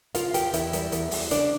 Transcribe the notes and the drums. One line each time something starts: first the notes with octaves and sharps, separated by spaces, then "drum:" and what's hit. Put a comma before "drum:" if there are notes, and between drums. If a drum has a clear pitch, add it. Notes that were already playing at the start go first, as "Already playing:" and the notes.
C#3 F4 F5, drum: hi-hat
E2 G4 G5, drum: hi-hat
E2 E4 E5, drum: hi-hat
G3, drum: hi-hat
E2, drum: hi-hat
E2, drum: open hi-hat
C#3 D4 D5, drum: hi-hat